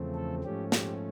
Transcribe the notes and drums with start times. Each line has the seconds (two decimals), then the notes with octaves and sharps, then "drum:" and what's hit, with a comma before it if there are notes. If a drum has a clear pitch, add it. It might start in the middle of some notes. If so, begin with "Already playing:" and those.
Already playing: E2 C#3 F3 A3 C4
0.15 A4
0.44 G#2 F3 A3 C#4 G4
0.72 G4, drum: snare